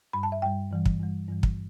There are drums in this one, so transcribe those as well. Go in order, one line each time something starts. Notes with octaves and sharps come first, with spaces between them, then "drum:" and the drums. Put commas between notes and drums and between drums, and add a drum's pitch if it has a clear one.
G2 G3 B5
A5
E5
G2 G3 G5
G2 E3 G3
drum: kick
G2 E3 G3
G2 E3 G3
drum: kick